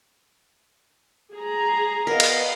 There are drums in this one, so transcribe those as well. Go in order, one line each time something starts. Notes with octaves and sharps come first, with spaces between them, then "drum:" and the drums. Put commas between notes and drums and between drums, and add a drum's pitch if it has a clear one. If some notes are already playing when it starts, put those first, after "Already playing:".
G#4 A#5
B3 A#4 D#5 F5
drum: cymbal